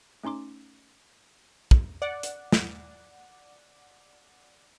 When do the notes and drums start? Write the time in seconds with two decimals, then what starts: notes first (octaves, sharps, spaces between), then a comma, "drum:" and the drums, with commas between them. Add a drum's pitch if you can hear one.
0.23 A3 C#4 D#4 C6 D6
1.71 drum: kick
2.02 D5 F#5
2.23 drum: hi-hat
2.53 drum: snare